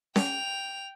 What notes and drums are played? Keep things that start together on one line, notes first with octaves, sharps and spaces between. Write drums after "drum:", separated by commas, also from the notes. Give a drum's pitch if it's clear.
G5 F7, drum: snare C#4